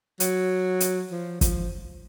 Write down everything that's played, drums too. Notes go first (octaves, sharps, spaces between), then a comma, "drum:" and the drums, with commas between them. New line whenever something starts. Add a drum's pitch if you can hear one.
F#3, drum: hi-hat
drum: hi-hat
F3
F3, drum: kick, hi-hat